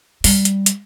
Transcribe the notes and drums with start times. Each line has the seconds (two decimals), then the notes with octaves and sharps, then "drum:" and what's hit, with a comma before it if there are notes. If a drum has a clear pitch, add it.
0.24 G3, drum: open hi-hat
0.45 drum: hi-hat
0.66 drum: hi-hat